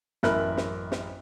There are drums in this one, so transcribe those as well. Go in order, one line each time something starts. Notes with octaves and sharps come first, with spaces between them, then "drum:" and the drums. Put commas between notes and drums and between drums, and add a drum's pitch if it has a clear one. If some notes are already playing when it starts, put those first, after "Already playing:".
A1 F#2 A#4 E5 B5 F#6, drum: snare
drum: snare
drum: snare